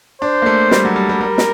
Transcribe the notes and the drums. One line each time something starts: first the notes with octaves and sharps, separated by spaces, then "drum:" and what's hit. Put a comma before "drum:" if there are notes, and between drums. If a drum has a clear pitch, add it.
D4 C5
A#3
A3
G3, drum: snare
F#3
G3
G3
G3 A#4
drum: snare